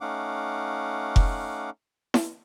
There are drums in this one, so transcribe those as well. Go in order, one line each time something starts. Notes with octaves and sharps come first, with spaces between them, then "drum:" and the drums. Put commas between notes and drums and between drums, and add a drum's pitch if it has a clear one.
A3 C#4 D#4 F5 F#5 D6
drum: kick F1
drum: snare E4